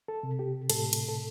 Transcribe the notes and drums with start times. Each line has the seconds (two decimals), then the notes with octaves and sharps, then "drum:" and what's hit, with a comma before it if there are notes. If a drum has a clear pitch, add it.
0.08 A4
0.23 C3
0.39 G4
0.70 A2 A4, drum: cymbal
0.93 drum: cymbal
1.08 A4